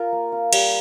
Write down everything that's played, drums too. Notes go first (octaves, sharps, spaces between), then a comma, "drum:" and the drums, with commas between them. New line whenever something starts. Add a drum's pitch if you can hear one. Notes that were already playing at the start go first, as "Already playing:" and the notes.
Already playing: F4 A#4
A#3
F4
G3, drum: cymbal